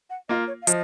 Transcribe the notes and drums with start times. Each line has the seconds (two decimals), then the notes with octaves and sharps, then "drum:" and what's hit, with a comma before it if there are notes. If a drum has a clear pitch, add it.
0.10 F#5
0.29 A#3 F4 D#5
0.47 C#5
0.62 F5
0.67 F3 D#5, drum: hi-hat